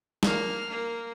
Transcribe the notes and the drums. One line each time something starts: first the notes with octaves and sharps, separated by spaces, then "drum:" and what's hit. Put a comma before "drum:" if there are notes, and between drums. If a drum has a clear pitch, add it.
A#3 F6, drum: snare
A#3